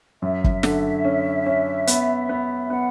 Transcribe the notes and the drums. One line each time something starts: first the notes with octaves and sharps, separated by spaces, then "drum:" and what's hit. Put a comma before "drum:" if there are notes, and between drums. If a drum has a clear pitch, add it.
F#2 E5
drum: kick
D3, drum: snare
C#4
C#4
B3, drum: hi-hat
B3
B3 F#5